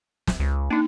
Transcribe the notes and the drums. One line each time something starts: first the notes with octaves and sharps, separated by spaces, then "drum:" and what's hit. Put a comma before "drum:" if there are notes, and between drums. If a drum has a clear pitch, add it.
drum: snare
C#2
A#3 D4 D#4